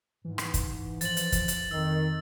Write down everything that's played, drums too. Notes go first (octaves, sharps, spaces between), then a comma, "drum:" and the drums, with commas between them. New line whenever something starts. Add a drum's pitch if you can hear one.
G#2 E3
drum: rim click
drum: kick, hi-hat
F3 A6 F#7, drum: hi-hat
drum: hi-hat
drum: kick, hi-hat
drum: hi-hat
F2 D#3 E6